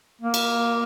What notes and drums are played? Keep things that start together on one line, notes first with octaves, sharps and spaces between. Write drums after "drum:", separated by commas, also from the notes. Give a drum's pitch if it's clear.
A#3
drum: cymbal